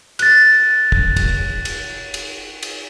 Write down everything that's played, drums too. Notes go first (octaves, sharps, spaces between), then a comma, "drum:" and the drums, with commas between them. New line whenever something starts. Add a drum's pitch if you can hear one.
F#6 A6, drum: cymbal
drum: kick
drum: kick, cymbal
drum: cymbal
drum: cymbal
drum: cymbal